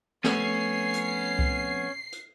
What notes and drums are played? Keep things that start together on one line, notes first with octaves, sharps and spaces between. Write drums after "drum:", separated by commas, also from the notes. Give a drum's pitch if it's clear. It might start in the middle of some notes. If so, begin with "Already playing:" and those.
F2 A3 B3 C#4 C7, drum: snare
drum: hi-hat
drum: kick C2
drum: hi-hat